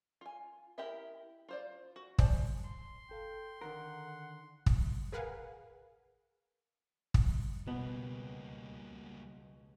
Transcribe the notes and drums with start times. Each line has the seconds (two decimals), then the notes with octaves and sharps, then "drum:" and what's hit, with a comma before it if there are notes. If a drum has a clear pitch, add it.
0.21 F4 G#5
0.78 E4 G4 A#4 D#5 E5
1.49 F4 C5 D5
1.96 F#4
2.18 C5 D5 G#5 A5, drum: kick
2.64 C6
3.09 G1 A4 F5 G5
3.61 D3 D#3 A#4 F#5
4.66 drum: kick
5.12 G#4 A#4 B4 F5 F#5 G#5
7.14 drum: kick
7.68 F1 C#2 B2 G3 G#3 A#3 B3